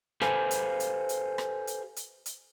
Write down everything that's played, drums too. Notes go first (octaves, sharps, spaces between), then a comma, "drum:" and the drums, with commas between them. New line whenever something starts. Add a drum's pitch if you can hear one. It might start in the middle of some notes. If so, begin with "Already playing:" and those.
G4 A4 B4 C5 F5 G#5, drum: rim click
drum: hi-hat
drum: hi-hat
drum: hi-hat
drum: rim click
drum: hi-hat
drum: hi-hat
drum: hi-hat